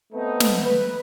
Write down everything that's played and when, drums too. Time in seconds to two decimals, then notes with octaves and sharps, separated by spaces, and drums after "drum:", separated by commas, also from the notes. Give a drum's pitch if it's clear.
0.13 A3 B3 C4 D#4
0.40 drum: snare
0.63 B4